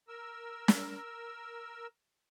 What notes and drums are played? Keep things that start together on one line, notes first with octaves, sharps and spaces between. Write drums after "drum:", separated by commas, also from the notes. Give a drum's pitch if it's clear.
A#4 E6
drum: snare